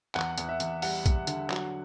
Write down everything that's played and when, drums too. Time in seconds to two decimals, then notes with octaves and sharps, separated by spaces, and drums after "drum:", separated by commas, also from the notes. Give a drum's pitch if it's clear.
0.15 E2 F#5, drum: clap
0.38 E2, drum: hi-hat
0.49 E5
0.60 E2, drum: hi-hat
0.82 G3 F#5, drum: open hi-hat
1.06 G3, drum: kick, hi-hat
1.27 D3, drum: hi-hat
1.50 F#3, drum: clap